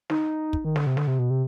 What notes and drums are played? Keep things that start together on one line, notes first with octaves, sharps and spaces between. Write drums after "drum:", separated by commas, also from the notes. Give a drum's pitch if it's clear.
D#4, drum: snare
drum: kick
D#3
D3, drum: snare
C3
D3, drum: snare
C3
B2
C3